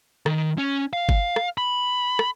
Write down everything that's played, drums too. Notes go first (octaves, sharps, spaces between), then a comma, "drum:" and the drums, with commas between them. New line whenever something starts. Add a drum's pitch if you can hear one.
D#3, drum: rim click
C#4
F5
drum: kick
drum: rim click
B5
drum: rim click